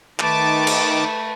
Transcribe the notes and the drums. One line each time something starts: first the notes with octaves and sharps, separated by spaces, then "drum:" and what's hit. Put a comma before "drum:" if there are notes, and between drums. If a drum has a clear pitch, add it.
D#3 A3 B4 A5 D6, drum: clap
drum: cymbal